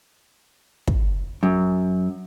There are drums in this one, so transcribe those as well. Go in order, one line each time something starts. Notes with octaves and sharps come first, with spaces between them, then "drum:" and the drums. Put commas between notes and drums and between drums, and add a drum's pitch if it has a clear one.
drum: kick
F#2